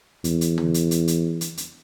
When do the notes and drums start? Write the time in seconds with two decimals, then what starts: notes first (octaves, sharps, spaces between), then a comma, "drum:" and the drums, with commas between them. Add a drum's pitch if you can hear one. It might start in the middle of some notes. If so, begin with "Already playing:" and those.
0.24 E2, drum: hi-hat
0.41 drum: hi-hat
0.58 drum: tom
0.74 drum: hi-hat
0.91 drum: hi-hat
1.08 drum: hi-hat
1.41 drum: hi-hat
1.57 drum: hi-hat